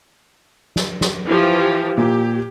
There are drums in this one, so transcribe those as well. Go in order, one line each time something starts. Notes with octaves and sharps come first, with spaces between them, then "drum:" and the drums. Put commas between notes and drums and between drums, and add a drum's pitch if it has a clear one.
drum: snare
drum: snare
E3 F3 G4
A#2 G4